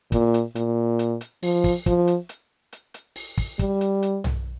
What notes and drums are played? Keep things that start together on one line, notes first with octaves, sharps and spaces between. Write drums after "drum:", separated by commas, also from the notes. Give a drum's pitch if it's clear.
A#2, drum: kick, hi-hat
drum: hi-hat
A#2, drum: hi-hat
drum: hi-hat
drum: hi-hat
F3, drum: open hi-hat
drum: kick, open hi-hat
F3, drum: kick, hi-hat
drum: hi-hat
drum: hi-hat
drum: hi-hat
drum: hi-hat
drum: open hi-hat
drum: kick, open hi-hat
G3, drum: kick, hi-hat
drum: hi-hat
drum: hi-hat
drum: tom B1